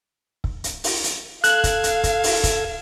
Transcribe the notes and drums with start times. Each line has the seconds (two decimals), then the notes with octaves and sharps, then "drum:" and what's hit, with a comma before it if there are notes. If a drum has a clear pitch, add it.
0.44 drum: kick
0.64 drum: hi-hat
0.84 drum: open hi-hat
1.04 drum: hi-hat
1.44 A4 F5 E6 F#6 G#6, drum: hi-hat
1.64 drum: kick, hi-hat
1.84 drum: hi-hat
2.04 drum: kick, hi-hat
2.24 drum: open hi-hat
2.44 drum: kick, hi-hat